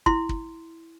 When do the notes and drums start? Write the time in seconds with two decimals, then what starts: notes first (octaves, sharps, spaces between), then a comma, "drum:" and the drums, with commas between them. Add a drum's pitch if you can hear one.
0.06 E4 C6, drum: kick
0.29 drum: kick